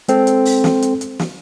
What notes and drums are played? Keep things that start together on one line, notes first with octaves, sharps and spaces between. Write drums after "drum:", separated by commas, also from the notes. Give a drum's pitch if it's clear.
G#3 C4 A4, drum: hi-hat
drum: hi-hat
drum: open hi-hat
drum: snare
drum: hi-hat
drum: hi-hat
drum: snare